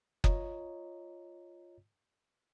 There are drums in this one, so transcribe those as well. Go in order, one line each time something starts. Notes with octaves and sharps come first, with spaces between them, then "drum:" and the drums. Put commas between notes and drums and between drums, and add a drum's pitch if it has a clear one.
F4 C#5 D#5 A#5, drum: kick F#1